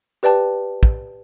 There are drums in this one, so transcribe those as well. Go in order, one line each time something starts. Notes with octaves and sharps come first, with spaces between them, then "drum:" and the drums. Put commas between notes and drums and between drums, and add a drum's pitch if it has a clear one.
G4 B4 D5 G5 A5
drum: kick